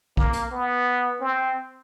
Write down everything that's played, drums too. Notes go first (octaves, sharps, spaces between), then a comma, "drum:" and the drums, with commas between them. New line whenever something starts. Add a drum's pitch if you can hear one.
A#3, drum: kick A#1
drum: hi-hat
B3
C4